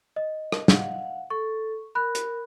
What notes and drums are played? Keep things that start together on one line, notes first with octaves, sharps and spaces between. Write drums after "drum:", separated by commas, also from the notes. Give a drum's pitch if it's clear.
D#5
drum: rim click
F5 F#5, drum: snare
A4 C#6
A#4 B5 F#6
drum: hi-hat